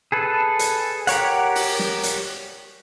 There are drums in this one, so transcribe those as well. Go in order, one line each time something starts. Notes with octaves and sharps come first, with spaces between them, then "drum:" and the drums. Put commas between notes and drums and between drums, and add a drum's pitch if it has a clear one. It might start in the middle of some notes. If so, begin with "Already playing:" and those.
G#4 A4 B4
drum: hi-hat
G4 A#4 C#5 F#5, drum: hi-hat
drum: open hi-hat
drum: snare
drum: hi-hat